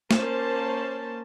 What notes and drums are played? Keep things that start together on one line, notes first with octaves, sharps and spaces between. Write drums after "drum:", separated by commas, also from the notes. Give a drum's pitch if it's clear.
A#3 C#4 C5 A5, drum: snare